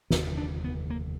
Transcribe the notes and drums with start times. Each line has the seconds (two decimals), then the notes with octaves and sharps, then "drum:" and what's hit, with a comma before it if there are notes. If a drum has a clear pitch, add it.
0.10 F1 D#2 D3 B3, drum: snare
0.37 D4
0.64 B3
0.90 A#3